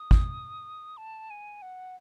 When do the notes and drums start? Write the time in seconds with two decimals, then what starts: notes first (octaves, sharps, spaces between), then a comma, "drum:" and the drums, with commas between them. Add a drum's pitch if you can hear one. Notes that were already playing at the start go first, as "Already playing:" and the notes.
Already playing: D#6
0.11 drum: kick G#1
0.97 A5
1.30 G#5
1.62 F#5